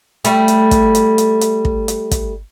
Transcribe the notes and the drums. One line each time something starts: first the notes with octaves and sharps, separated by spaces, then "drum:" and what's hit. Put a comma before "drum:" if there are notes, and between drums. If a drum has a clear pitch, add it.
G3 A3, drum: hi-hat
drum: hi-hat
drum: kick, hi-hat
drum: hi-hat
drum: hi-hat
drum: hi-hat
drum: kick
drum: hi-hat
drum: kick, hi-hat